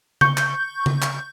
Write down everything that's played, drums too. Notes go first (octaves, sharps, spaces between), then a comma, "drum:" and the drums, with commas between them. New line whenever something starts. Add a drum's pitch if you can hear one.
C#6 G6, drum: tom C#3
drum: clap
drum: tom C#3
drum: clap